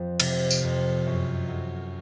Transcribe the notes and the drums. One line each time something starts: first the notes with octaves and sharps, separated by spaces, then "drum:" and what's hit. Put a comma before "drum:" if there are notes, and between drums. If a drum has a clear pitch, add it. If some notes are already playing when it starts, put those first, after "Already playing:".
Already playing: F2 F3
C3, drum: cymbal
drum: tambourine
F2
F#2
F#3